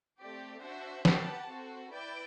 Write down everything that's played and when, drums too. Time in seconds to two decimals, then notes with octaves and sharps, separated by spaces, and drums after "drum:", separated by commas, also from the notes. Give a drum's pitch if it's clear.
0.18 A3 C4 G4 D5
0.61 D4 F#4 C5 E5
1.05 G4 B4 F#5 A5, drum: snare
1.48 C4 F#4 A4
1.91 E4 B4 D5 G5